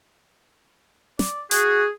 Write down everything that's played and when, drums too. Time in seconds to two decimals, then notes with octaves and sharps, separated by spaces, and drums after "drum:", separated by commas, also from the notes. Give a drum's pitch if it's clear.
1.19 D5, drum: snare
1.51 F#4 G#4, drum: hi-hat